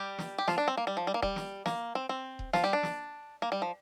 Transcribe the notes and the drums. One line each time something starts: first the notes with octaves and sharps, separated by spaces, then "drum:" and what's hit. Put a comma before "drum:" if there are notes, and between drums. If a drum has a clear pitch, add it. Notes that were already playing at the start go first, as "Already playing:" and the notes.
Already playing: G3 G4
drum: snare
G4
F3 F4, drum: snare
D4
C4
A#3
G3
F3
G3
A#3
G3, drum: kick D#1
drum: snare
A#3, drum: snare
C4
C4
drum: kick D#1
F3 F4, drum: snare
G3 G4
D4
drum: snare
A#3
G3
F3